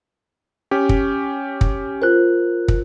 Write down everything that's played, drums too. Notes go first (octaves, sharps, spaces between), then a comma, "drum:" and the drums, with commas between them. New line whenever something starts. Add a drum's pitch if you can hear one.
C#4 G4
drum: kick
drum: kick
F4 A#4 C5 F#6
drum: kick